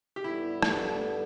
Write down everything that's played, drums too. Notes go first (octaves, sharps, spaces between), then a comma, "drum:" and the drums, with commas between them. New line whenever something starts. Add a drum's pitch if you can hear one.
G4
G2 G3 B3 D4 E4 A4
drum: rim click